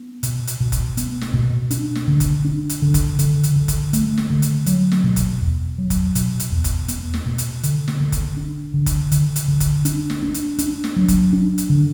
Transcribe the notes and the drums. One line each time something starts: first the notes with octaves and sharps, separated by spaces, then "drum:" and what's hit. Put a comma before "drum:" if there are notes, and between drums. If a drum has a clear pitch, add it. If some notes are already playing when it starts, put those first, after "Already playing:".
Already playing: B3
B2, drum: hi-hat
drum: hi-hat
B2
drum: kick F1, hi-hat
B3, drum: hi-hat
drum: snare
B2
D4, drum: hi-hat
drum: snare
D3
drum: kick F1, hi-hat
D4
drum: hi-hat
D3
drum: kick F1, hi-hat
D3, drum: hi-hat
drum: hi-hat
D3
drum: kick F1, hi-hat
A3, drum: hi-hat
drum: snare
D3
drum: hi-hat
F#3, drum: hi-hat
drum: snare
B2
drum: kick F1, hi-hat
E2
F#3
drum: kick F1, hi-hat
B2, drum: hi-hat
drum: hi-hat
E2
drum: kick F1, hi-hat
B3, drum: hi-hat
drum: snare
B2
drum: hi-hat
D3, drum: hi-hat
drum: snare
D3
drum: kick F1, hi-hat
D4
D3
drum: kick F1, hi-hat
D3, drum: hi-hat
drum: hi-hat
D3
drum: kick F1, hi-hat
D4, drum: hi-hat
drum: snare
D4
drum: hi-hat
D4, drum: hi-hat
drum: snare
F#3
drum: kick F1, hi-hat
D4
drum: hi-hat
D3